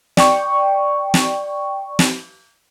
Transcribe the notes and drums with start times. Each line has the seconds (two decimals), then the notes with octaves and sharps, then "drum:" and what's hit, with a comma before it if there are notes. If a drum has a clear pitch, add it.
0.17 D5 G5 C#6, drum: snare
1.14 drum: snare
1.99 drum: snare